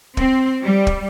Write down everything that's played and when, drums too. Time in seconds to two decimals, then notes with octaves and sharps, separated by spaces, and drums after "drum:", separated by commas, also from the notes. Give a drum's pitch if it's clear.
0.17 C4, drum: kick
0.64 G3
0.87 drum: kick